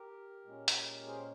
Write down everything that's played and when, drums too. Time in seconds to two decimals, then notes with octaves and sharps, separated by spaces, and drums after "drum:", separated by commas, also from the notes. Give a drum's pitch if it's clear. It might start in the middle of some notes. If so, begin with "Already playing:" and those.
Already playing: G4 A#4
0.45 A#2 G#3 C#4
0.68 drum: hi-hat
1.07 G#4 C5